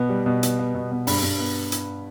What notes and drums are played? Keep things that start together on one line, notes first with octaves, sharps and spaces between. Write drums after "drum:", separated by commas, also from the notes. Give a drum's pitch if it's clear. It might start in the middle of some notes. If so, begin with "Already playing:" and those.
Already playing: B2 B3
G3
B2
B3, drum: hi-hat
B3
B2
B2
G2 B5, drum: open hi-hat
G2
B3
drum: hi-hat